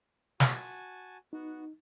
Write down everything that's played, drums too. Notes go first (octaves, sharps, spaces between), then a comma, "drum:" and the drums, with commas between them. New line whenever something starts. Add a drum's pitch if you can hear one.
F#4 G#5 A5, drum: snare
B3 D#4 F#4